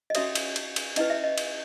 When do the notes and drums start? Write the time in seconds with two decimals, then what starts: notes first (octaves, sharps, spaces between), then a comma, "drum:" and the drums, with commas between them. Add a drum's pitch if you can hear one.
0.10 D#5
0.15 C#4 F#4 A4 C#5 E5, drum: cymbal
0.35 drum: cymbal
0.56 drum: cymbal
0.76 drum: cymbal
0.96 C#4 E4 B4 D#5, drum: cymbal
1.10 E5
1.24 D#5
1.38 drum: cymbal